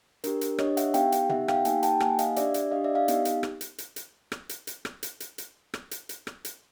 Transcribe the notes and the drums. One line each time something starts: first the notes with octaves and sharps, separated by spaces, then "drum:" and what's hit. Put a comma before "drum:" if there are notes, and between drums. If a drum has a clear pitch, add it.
D4 G4 A#4, drum: hi-hat
drum: hi-hat
D4 G4 C#5 D#5, drum: rim click
E5 F#5, drum: hi-hat
B3 D#4 G4 F5 G5, drum: hi-hat
drum: hi-hat
B3 D#4 G4 E5 F#5, drum: tom
F5 G5, drum: rim click
A#3 D#4 G4 F#5 G#5, drum: hi-hat
G5 A5, drum: hi-hat
A#3 D#4 G4 F#5 G#5, drum: rim click
D#5 F5, drum: hi-hat
D4 G4 D5 E5, drum: hi-hat
drum: hi-hat
D4 G4 D#5 F5
D5 E5
D#5 F5
B3 D#4 G4, drum: hi-hat
drum: hi-hat
drum: rim click
drum: hi-hat
drum: hi-hat
drum: hi-hat
drum: rim click
drum: hi-hat
drum: hi-hat
drum: rim click
drum: hi-hat
drum: hi-hat
drum: hi-hat
drum: rim click
drum: hi-hat
drum: hi-hat
drum: rim click
drum: hi-hat